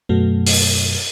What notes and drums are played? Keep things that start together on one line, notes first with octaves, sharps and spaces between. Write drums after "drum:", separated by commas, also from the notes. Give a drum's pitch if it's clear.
F#2 B2 F#3 A3
drum: open hi-hat